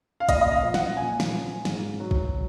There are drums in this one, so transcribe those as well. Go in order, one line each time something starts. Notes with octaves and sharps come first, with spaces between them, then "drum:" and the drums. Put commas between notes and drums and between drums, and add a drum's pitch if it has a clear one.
F5
A#2 D#5, drum: kick, hi-hat
D#5
F5
F3
F#5, drum: snare
A#2 G#5
drum: snare
F3
G#2, drum: snare
F#3
drum: kick